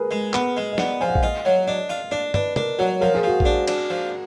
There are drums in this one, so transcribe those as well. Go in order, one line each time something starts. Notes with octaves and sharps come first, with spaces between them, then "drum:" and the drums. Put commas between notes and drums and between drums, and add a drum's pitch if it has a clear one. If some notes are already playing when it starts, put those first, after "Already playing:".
Already playing: G#4 A#4 B4
G#3
B3 B4, drum: clap
G#3
D#5
B3 D5, drum: snare
F3 G#5
F#5
F5, drum: kick A#1
F4 D#5
F#3
D4 D#5
F4
D4 D5
D4 B4, drum: tom
D4 A#4, drum: tom
F#3 F#4
F3 A#4
G#4
F3 F#4
G#4, drum: kick A#1
D4
D4, drum: cymbal
F3